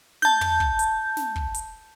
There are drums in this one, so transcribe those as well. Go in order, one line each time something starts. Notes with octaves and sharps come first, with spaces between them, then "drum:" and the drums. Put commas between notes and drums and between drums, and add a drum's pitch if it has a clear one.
A5 G6, drum: snare
drum: tom
drum: kick
drum: hi-hat
drum: snare
drum: kick
drum: hi-hat